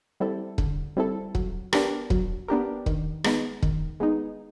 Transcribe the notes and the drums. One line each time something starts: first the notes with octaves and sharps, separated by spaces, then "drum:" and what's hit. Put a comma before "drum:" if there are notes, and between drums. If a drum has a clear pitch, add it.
G3 C4 E4 A4
D3, drum: kick
G3 C4 E4 A4
F#3, drum: kick
B3 D4 G4 A#4, drum: rim click
F#3, drum: kick
B3 D4 G4 A#4
D#3, drum: kick
G#3 B3 D#4, drum: rim click
D#3, drum: kick
G#3 B3 D#4